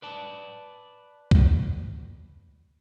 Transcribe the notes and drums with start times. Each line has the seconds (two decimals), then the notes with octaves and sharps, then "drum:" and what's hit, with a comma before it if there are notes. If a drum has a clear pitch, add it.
0.02 B4 D5 A5
1.31 drum: kick